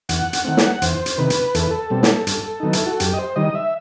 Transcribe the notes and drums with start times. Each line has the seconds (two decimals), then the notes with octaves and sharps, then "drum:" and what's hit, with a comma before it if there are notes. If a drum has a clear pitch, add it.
0.09 E2 F#5, drum: hi-hat
0.33 drum: hi-hat
0.45 D#3 A3 C4
0.57 drum: snare
0.82 E2 C5, drum: hi-hat
1.06 drum: hi-hat
1.18 C3 D#3 B4
1.30 drum: hi-hat
1.55 E2 A4, drum: hi-hat
1.63 B4
1.71 A4
1.90 B2 G3 C4
2.03 drum: snare
2.27 G2, drum: hi-hat
2.60 D#3 F#3 B3 D#4
2.73 E4, drum: hi-hat
2.86 F#4
3.00 F#2 G4, drum: hi-hat
3.13 D#5
3.19 C5
3.36 D#3 G3 D#5
3.55 E5